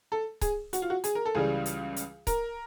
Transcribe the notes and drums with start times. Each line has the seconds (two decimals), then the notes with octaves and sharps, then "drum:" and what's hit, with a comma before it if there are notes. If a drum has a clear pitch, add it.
0.12 A4
0.41 G#4, drum: kick C#1, hi-hat
0.73 F#4, drum: hi-hat
0.82 F4
0.90 F#4
1.04 G#4, drum: hi-hat
1.15 A#4
1.26 A4
1.35 C#2 C#3 E3 G3 G#4
1.66 drum: hi-hat
1.96 drum: hi-hat
2.27 A#4, drum: kick C#1, hi-hat